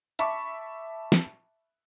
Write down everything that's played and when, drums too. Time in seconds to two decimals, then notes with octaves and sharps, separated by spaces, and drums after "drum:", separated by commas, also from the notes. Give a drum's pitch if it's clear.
0.19 E5 A5 B5 C#6 D6, drum: hi-hat
1.12 drum: snare